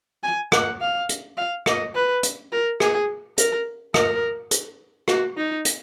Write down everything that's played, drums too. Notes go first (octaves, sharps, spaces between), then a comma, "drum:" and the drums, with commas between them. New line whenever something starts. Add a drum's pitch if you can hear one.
G#5
F#5, drum: rim click
F5
drum: hi-hat
F5
D#5, drum: rim click
B4
drum: hi-hat
A#4
G#4, drum: rim click
A#4, drum: hi-hat
A#4, drum: rim click
drum: hi-hat
F#4, drum: rim click
D#4
drum: hi-hat